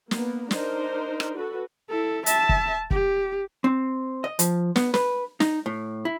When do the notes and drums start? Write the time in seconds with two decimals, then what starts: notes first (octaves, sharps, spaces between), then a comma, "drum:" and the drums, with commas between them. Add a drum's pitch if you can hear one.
0.11 A#3 B3, drum: snare
0.51 D4 D#4 A#4 C5, drum: snare
1.20 drum: rim click
1.37 F#4 A4 B4
1.90 E4 A4
2.26 E5 A5, drum: hi-hat
2.49 drum: kick
2.91 G4, drum: kick
3.64 C4
4.24 D#5
4.39 F3, drum: hi-hat
4.76 B3, drum: snare
4.94 B4, drum: snare
5.40 D#4, drum: snare
5.66 A2
6.05 E4